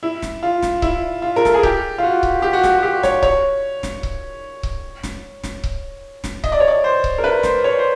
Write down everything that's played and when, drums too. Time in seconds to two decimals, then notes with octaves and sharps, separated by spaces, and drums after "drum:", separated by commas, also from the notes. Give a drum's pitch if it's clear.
0.03 E4
0.22 drum: snare
0.43 F4
0.63 drum: snare
0.82 E4, drum: kick C#1
1.22 F4
1.36 A#4
1.45 A4, drum: snare
1.54 G#4
1.63 G4, drum: kick C#1
1.98 F4
2.03 F#4
2.23 drum: kick C#1
2.42 G4
2.53 F#4
2.64 G4, drum: snare
2.79 F#4
2.83 G4
3.03 C#5, drum: snare
3.23 C#5, drum: kick C#1
3.83 drum: snare
4.03 drum: kick C#1
4.63 drum: kick C#1
5.03 drum: snare
5.44 drum: snare
5.64 drum: kick C#1
6.24 drum: snare
6.44 D#5, drum: kick C#1
6.52 D5
6.60 C#5
6.68 D5
6.84 C5
7.04 drum: kick C#1
7.18 A#4
7.24 B4
7.43 C5, drum: snare
7.64 C#5
7.79 C5